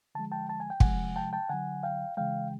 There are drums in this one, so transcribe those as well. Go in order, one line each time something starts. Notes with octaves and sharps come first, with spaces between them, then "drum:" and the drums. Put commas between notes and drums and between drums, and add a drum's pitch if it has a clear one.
D3 F3 G#3 A5
G5 A5
A5
G#5
G5
C3 F3 G#3 F#5 G#5, drum: kick
G5 A5
G5 A5
D3 F#3 F#5 G#5
F5 G5
C#3 E3 G#3 F5 G5